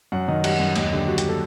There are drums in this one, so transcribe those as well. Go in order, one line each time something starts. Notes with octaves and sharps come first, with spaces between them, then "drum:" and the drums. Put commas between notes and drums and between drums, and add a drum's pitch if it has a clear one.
F#2 F#5
D#3 D#5
G3 F#5, drum: cymbal
F#2
D#2 D#5, drum: cymbal
D3 G4
G3 F#4
G4, drum: hi-hat
A4